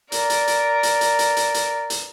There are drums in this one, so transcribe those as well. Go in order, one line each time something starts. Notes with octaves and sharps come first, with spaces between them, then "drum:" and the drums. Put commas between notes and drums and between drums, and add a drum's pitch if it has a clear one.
A#4 D5, drum: hi-hat
drum: hi-hat
drum: hi-hat
drum: hi-hat
drum: hi-hat
drum: hi-hat
drum: hi-hat
drum: hi-hat
drum: hi-hat